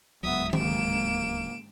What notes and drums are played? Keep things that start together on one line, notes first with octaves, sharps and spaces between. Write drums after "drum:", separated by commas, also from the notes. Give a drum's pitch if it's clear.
D1 C#2 G#2 F#3 B3 E5 D#6
A#3 D7 E7, drum: tom D#3